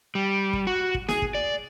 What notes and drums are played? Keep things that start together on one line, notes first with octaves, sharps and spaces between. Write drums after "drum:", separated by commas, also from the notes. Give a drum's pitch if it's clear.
G3
drum: kick
F#4
drum: kick
G#4, drum: snare
drum: kick
D5